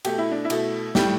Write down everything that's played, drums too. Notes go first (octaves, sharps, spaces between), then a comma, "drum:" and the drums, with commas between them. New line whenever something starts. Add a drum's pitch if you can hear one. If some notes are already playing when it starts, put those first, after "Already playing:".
B2 A3 G4, drum: cymbal
E4
D4
E4
B2 A3, drum: cymbal
A2 G3 G4, drum: snare